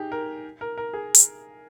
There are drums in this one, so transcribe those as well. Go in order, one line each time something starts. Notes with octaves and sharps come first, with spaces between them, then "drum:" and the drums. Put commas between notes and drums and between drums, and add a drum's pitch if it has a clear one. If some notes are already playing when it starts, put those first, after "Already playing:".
Already playing: D#4 G4 G#4
A#4
A#4
A#4
G#4
drum: hi-hat